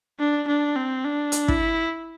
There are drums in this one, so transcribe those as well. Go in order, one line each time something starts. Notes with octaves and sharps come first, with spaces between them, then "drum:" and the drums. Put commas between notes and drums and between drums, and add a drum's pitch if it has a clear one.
D4
D4
C4
D4
drum: hi-hat
E4, drum: kick